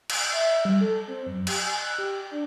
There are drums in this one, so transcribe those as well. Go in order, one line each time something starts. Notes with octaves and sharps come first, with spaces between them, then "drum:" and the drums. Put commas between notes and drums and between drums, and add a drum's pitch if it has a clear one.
D7, drum: cymbal
E5
E5
G3
A4
C4
F#2
G4, drum: cymbal
G#5
F#6
G4
D4